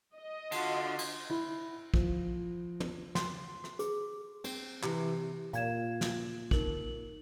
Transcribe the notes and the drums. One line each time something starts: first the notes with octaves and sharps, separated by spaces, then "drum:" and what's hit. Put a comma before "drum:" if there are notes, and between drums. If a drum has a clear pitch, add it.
D#5
D3 F4 F#4 C6, drum: cymbal
drum: cymbal
E4
F3, drum: kick
drum: tom
C6, drum: snare
drum: rim click
G#4, drum: hi-hat
C4 C5, drum: cymbal
C3 E3, drum: clap
A#2 F5 G#6 E7, drum: hi-hat
drum: snare
D#4 A#4 F#7, drum: kick